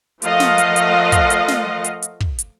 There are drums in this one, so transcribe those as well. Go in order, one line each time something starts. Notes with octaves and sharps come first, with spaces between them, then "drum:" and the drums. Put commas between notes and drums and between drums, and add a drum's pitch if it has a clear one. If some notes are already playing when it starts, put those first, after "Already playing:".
F3 A3 A#4 D#5 F5 F#5, drum: hi-hat
drum: snare
drum: hi-hat
drum: hi-hat
drum: kick, hi-hat
drum: hi-hat
drum: snare
drum: hi-hat
drum: hi-hat
drum: kick
drum: hi-hat